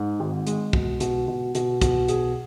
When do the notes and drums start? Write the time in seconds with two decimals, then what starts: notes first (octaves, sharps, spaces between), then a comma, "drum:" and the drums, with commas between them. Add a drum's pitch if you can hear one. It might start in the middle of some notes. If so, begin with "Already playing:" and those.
Already playing: G#2
0.20 G#1
0.47 G#3, drum: hi-hat
0.73 B2, drum: kick
1.00 B2, drum: hi-hat
1.28 B2
1.55 B2, drum: hi-hat
1.81 B2, drum: kick, hi-hat
2.08 G#4, drum: hi-hat